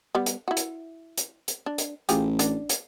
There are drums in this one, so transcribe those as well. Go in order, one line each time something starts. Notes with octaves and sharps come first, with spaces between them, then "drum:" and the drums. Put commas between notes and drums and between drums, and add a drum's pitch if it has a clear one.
G3 B3
drum: hi-hat
E4 F#4
drum: hi-hat
drum: hi-hat
drum: hi-hat
D4
drum: hi-hat
A1 F4 G4 G#4, drum: hi-hat
D4, drum: hi-hat
drum: hi-hat